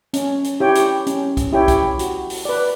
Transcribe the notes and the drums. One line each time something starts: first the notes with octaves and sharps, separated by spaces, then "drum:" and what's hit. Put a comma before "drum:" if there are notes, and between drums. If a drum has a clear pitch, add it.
C#4, drum: hi-hat
drum: hi-hat
E4 G4 C#5 G5
drum: hi-hat
C#4, drum: hi-hat
drum: kick B1, hi-hat
E4 G4 C#5 G5
drum: kick B1, hi-hat
F#4, drum: hi-hat
drum: open hi-hat
B4 D5